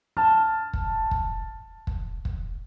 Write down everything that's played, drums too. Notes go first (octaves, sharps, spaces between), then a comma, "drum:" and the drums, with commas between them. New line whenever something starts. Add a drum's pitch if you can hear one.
A5 F6
drum: kick
drum: kick
drum: kick
drum: kick